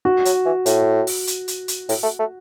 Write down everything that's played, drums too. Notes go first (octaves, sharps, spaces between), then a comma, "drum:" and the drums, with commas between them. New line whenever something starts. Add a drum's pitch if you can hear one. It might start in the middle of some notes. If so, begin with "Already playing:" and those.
F#4
F#3, drum: hi-hat
E3
A2, drum: hi-hat
drum: open hi-hat
drum: hi-hat
drum: hi-hat
drum: hi-hat
A2, drum: open hi-hat
A3
A3